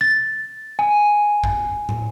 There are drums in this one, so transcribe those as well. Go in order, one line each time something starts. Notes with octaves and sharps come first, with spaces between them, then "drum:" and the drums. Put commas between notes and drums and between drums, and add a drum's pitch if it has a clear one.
A6
G#5
drum: kick
drum: tom